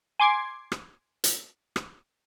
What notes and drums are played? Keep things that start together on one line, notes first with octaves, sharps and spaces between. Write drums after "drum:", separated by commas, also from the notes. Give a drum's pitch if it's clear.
G#5 C6 D6 G#6 C7
drum: rim click
drum: hi-hat
drum: rim click